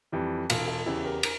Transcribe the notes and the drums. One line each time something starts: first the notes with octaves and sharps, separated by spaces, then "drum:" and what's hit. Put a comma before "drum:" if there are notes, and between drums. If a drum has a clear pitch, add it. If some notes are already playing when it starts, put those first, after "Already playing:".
F2 E3 G3
E1 F4 A4, drum: cymbal
F4 A4
E2 C#3 E4 G4
G4 A#4
A#4, drum: cymbal